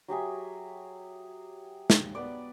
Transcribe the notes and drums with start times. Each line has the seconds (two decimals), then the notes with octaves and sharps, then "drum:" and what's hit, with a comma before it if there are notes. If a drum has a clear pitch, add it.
0.08 F#3 G4 G#4 E5
1.90 drum: snare
2.15 B3 B4 D5